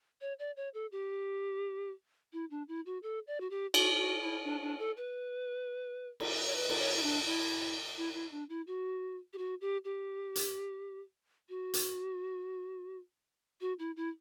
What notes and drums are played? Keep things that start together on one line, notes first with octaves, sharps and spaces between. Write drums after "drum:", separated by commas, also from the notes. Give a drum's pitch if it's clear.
C#5
D5
C#5
A4
G4
E4
D4
E4
F#4
A4
D5
F#4
G4
F#4, drum: cymbal
F#4
E4
D4
D4
A4
B4
drum: cymbal
C#5
B4
drum: cymbal
C#5
E4
D4
E4
E4
E4
D4
E4
F#4
G4
F#4
G4
G4
drum: hi-hat
F#4
drum: hi-hat
F#4
E4
E4